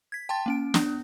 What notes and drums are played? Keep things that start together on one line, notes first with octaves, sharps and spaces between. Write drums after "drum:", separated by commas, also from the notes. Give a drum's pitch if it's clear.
G#6 B6
G5 A5 C6 A6
A#3 C#4 D7
B3 D4, drum: snare